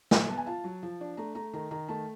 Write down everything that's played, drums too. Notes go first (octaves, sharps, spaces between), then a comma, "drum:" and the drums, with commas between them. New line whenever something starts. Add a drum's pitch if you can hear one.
F#3 G#5, drum: snare
B3 A5
G#5
F4 A5
F#3
F3
D4
A3 A#5
A3 A#5
D#3 A#5
D#3 A#5
A3 A5